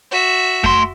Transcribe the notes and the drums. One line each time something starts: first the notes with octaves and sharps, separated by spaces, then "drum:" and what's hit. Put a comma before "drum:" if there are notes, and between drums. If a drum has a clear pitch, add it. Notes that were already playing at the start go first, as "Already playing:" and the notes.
F#4 E5
A3 C6, drum: kick F2